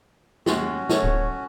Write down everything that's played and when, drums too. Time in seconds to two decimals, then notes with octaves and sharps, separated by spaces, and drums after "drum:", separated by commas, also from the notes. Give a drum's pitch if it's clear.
0.46 D#2 G#3 C#4 F#4, drum: snare
0.89 A4 C#5, drum: snare
1.03 D1